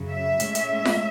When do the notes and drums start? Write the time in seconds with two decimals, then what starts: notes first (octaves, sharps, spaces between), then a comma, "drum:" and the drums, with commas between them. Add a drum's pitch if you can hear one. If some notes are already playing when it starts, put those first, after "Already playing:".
Already playing: F#2 C#3 F#3
0.09 E5
0.40 A2 G#3 C#4, drum: hi-hat
0.55 drum: hi-hat
0.85 drum: snare F4